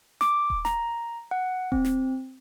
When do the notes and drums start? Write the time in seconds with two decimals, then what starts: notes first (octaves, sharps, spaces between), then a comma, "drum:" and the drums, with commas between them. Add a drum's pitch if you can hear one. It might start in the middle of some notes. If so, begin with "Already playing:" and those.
0.21 D6, drum: snare
0.50 drum: kick D#1
0.65 A#5, drum: snare
1.31 F#5
1.72 C4, drum: kick D#1
1.85 drum: snare